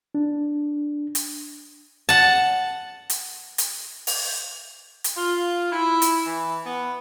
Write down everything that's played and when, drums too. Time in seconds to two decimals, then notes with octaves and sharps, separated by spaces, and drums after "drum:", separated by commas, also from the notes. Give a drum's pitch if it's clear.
0.15 D4
1.15 drum: hi-hat
2.09 F#5 A5
3.10 drum: hi-hat
3.58 drum: hi-hat
4.07 drum: open hi-hat
5.04 drum: hi-hat
5.16 F4
5.72 E4
6.02 drum: hi-hat
6.26 E3
6.65 B3